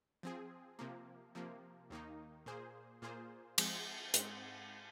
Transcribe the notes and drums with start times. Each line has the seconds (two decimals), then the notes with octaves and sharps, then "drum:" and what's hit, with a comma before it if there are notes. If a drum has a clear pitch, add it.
0.23 F3 C4 G#4
0.79 C3 F3 A#3
1.35 C3 F3 A#3
1.90 D#2 D#3 A#3 D#4
2.46 A#2 A#3 G#4 C5
3.02 A#2 A#3 F4 G#4 C5
3.58 F3 G#3 C4 G#4, drum: cymbal
4.14 G#2 G#3 C4, drum: hi-hat